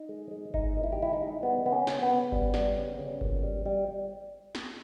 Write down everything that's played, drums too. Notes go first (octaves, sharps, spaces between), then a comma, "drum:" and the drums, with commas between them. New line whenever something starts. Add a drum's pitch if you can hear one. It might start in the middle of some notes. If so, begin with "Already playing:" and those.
Already playing: D#4
G#3
G#3
G#3 D#4, drum: kick G1
A#2
E4
G4
G#3 E4
D#4
G#3
G3 B3
C#3 B3
C#4
C#3, drum: snare
B3
C#3
G3, drum: kick G1
G3, drum: snare
C#3
C#3
A#2, drum: kick G1
G3
G3
drum: snare